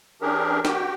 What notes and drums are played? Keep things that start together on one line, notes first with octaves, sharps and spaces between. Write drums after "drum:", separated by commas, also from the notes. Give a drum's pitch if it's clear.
E3 C#4 D4 G4 G#4 A#4
F#4 G4 G5, drum: snare